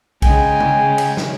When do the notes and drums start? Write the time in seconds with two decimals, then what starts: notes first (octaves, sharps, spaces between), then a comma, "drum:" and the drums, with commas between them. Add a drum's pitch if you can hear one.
0.22 C#3 G#3 G5 G#5, drum: kick, cymbal
0.60 drum: tom C#3
0.98 drum: cymbal
1.17 drum: snare